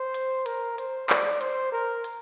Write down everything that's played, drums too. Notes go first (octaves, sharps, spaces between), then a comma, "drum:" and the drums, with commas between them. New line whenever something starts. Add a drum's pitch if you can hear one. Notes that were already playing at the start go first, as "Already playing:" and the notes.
Already playing: C5
drum: hi-hat
A#4, drum: hi-hat
C5, drum: hi-hat
D5, drum: clap
C5, drum: hi-hat
A#4
drum: hi-hat